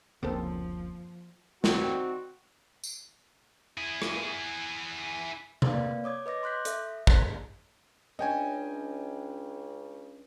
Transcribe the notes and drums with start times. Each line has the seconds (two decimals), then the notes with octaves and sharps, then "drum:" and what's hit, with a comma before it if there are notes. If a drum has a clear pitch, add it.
0.23 F#1 D2 C#3 F3 A#3 C4 A4
1.64 D#3 G3 C4 F#4, drum: snare
2.84 drum: tambourine
3.78 E4 G#4
4.02 drum: rim click
5.62 A#3 C4 B4 D5 F5, drum: tom C3
6.04 C#5 D6 D#6 G#6
6.26 B4 D#5 D6 A#6
6.43 C6 D6 F#6 G6 B6
6.65 A4 E5, drum: hi-hat
7.07 C5 C6 F#6 A6 B6, drum: kick
8.19 C#2 C#4 D4 D#5 G5 G#5